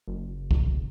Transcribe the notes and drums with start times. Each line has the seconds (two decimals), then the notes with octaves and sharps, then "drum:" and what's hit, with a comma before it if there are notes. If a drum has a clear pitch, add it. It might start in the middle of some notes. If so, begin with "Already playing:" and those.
0.08 F#1
0.51 drum: kick